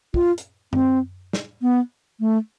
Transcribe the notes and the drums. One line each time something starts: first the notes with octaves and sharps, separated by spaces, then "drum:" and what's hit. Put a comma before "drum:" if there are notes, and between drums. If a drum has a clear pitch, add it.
F4, drum: kick
drum: hi-hat
C4, drum: tom F#2
drum: snare
B3
A3